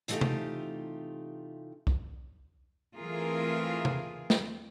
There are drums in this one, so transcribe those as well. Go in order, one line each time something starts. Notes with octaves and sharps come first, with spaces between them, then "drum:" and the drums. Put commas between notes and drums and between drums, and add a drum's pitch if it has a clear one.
C3 E3 A3 D#4 F4 G4, drum: hi-hat
drum: tom C3
drum: kick C2
E3 A3 C4 F4 G#4 A#4
drum: tom C3
drum: snare